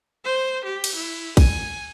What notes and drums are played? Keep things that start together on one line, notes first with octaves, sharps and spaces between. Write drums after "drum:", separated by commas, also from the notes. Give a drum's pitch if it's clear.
C5
G4
drum: cymbal
E4
G#5, drum: kick, cymbal